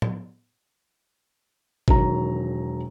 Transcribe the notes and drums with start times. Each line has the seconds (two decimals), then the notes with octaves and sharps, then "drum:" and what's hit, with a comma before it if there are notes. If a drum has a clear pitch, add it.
0.02 drum: tom
1.88 E1 D#3 F#3 A#5, drum: kick G#1